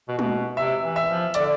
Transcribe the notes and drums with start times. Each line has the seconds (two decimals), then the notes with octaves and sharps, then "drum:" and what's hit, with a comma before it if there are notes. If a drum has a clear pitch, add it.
0.09 B2
0.19 B2, drum: tom G#3
0.57 C3 E5
0.83 E3
0.96 E5
1.08 F3
1.34 D3 D5, drum: hi-hat